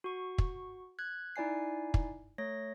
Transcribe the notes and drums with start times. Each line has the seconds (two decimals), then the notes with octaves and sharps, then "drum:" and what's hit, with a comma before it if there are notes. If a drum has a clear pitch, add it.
0.04 F#4 C#6
0.38 drum: kick
0.99 F#6 G#6
1.36 D#4 E4 D5 G#5 C7
1.94 drum: kick
2.38 A3 C#5 A#6